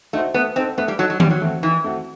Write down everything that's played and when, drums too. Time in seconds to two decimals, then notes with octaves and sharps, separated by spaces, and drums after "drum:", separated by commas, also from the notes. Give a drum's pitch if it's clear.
0.13 A3 D#4 F#4 C5
0.34 A3 B3
0.56 C4 D#4 A4
0.78 A3 B3
0.88 G3
0.99 F#3 D#4 A4
1.10 F#3
1.20 D#3 G3, drum: tom D#3
1.30 F#3
1.41 A3 C4 F#4
1.63 D#3 E3
1.84 A3 C4 F#4